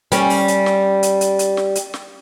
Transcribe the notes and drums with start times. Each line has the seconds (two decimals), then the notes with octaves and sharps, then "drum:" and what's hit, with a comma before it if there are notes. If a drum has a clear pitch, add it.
0.12 G3 C#4, drum: hi-hat
0.30 drum: open hi-hat
0.48 drum: hi-hat
0.66 drum: snare
1.03 drum: hi-hat
1.21 drum: hi-hat
1.39 drum: hi-hat
1.57 drum: snare
1.75 drum: hi-hat
1.94 drum: snare